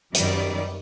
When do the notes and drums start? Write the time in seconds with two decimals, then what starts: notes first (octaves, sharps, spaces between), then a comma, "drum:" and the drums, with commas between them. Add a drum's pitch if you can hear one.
0.14 F#2 D#3 G3 D5, drum: hi-hat